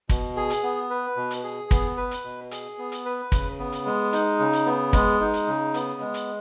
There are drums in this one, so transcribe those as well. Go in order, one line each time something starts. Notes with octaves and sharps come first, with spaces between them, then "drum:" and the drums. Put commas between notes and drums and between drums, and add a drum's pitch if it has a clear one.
B2, drum: kick, hi-hat
G#4
drum: hi-hat
B3
B4
B2
drum: hi-hat
G#4
B3, drum: kick, hi-hat
B4
drum: hi-hat
B2
G#4, drum: hi-hat
B3
drum: hi-hat
B4
C#3, drum: kick, hi-hat
B3
drum: hi-hat
G#3
D#4, drum: hi-hat
C#3
drum: hi-hat
B3
G#3, drum: kick, hi-hat
D#4
drum: hi-hat
C#3
B3, drum: hi-hat
G#3
drum: hi-hat